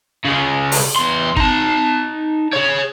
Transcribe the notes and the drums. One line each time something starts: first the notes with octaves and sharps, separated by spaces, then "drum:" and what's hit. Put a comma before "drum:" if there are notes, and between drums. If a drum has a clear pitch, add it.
C#3 G#3
drum: open hi-hat
E2 C6
D#4 A5, drum: kick
G#4 C#5